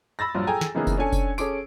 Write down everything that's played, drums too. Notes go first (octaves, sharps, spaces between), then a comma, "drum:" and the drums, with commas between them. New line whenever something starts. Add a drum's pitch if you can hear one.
B5 E6 A6 A#6
A#1 G2 F#3
G#4 A4 G5 G#5 A#5
drum: snare
C#3 E3 A#3 B3 D#4 G#4
drum: kick F1, tambourine
C#4 D4 A4 G#5 C#7
drum: kick F1, tambourine
C#4 G#4 A4 D6 D7, drum: tambourine